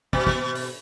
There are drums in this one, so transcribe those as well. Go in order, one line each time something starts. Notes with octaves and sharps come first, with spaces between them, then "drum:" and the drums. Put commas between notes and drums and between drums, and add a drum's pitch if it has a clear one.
B2, drum: kick
drum: kick
drum: open hi-hat